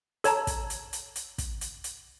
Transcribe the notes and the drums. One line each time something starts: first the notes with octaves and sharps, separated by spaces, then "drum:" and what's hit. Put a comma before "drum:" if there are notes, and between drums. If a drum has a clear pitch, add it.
A4 C#5 A5 A#5, drum: hi-hat
drum: kick, hi-hat
drum: hi-hat
drum: hi-hat
drum: hi-hat
drum: kick, hi-hat
drum: hi-hat
drum: hi-hat